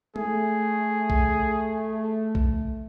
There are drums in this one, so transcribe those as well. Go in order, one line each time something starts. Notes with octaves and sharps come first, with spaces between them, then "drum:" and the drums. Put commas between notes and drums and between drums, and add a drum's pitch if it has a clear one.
A3 G#4, drum: tom
drum: kick B1
drum: kick B1